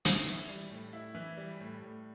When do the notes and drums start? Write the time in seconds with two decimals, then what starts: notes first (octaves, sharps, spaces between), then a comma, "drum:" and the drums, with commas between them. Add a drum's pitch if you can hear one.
0.05 E4, drum: hi-hat
0.27 E3
0.49 G3
0.70 A2
0.93 E4
1.15 E3
1.37 G3
1.60 A2
1.82 A2